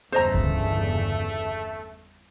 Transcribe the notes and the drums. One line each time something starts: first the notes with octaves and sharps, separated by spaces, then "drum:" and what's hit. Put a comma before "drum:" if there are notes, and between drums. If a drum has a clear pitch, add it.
G1 E2 C#3 A3 C5 D#5 A#5
drum: kick C#2